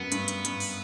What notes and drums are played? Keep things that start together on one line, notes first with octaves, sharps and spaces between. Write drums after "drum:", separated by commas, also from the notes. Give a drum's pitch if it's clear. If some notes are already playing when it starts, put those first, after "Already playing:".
Already playing: F#2 B3
G2, drum: hi-hat
drum: hi-hat
G2, drum: hi-hat
drum: open hi-hat